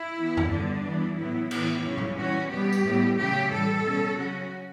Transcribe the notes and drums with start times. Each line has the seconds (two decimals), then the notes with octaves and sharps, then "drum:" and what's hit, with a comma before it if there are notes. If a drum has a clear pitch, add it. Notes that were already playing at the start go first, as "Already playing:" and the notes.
Already playing: E4
0.19 E3 B3
0.37 drum: tom E2
0.52 D3 G3 B3 D4
0.84 E3 G3 B3
1.18 A2 F#3 B3 E4
1.51 A2 E3 B3, drum: cymbal
1.85 C#3 F#3 C#4
1.98 drum: tom A#2
2.17 E3 G3 C#4 F#4
2.50 B2 G3 B3 G4
2.73 drum: tambourine
2.83 A2 G3 B3
3.17 C#3 F#3 A3 G4
3.50 A2 E3 G3 A4
3.83 B2 G3 C#4
4.16 C#3 F#3 C#4 F#4